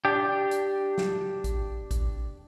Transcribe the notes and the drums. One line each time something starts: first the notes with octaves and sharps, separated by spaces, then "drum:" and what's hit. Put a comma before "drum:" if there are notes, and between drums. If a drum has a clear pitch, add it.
D4 G4
drum: hi-hat
drum: snare
drum: kick A1, hi-hat
drum: kick A1, hi-hat